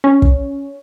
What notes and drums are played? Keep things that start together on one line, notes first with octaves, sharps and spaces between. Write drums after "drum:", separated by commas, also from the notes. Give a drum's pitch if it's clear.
C#4
drum: kick